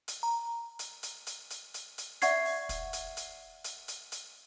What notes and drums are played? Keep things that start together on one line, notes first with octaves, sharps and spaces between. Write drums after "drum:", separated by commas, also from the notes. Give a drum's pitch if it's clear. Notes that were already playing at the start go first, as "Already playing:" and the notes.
drum: hi-hat
A#5
drum: hi-hat
drum: hi-hat
drum: hi-hat
drum: hi-hat
drum: hi-hat
drum: hi-hat
D5 E5 F#5 C#6 G#6 C7, drum: hi-hat
drum: open hi-hat
drum: kick, hi-hat
drum: hi-hat
drum: hi-hat
drum: hi-hat
drum: hi-hat
drum: hi-hat